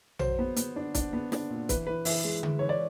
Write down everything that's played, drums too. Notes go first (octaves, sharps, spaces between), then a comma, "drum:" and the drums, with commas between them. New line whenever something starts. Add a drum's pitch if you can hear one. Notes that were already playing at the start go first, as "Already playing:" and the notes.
F#3 C5, drum: tom A#1
B3
B3, drum: hi-hat
D4
D4, drum: kick, hi-hat
B3
D4, drum: snare
A#2
E3 B4, drum: kick, hi-hat
E3 B4
E3 E4 E5, drum: open hi-hat
G#3
G#3, drum: tom D3
E3 C#5
D5